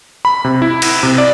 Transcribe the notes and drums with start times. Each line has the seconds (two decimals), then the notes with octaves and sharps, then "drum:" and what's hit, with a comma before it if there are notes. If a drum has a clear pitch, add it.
0.25 B5
0.44 C3
0.62 E4
0.82 drum: cymbal
1.03 C3
1.18 D5